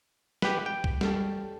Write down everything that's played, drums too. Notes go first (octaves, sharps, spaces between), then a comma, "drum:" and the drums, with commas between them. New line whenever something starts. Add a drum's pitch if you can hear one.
G4 B4, drum: snare
G5
drum: kick C2
G3 C#4 A4, drum: snare